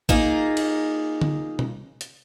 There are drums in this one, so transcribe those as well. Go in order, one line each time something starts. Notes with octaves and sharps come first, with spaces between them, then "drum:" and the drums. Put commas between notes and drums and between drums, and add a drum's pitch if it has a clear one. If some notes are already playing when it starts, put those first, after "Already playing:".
A#3 D#4 F4 G#4, drum: kick
drum: cymbal
drum: tom D3
drum: tom B2
drum: hi-hat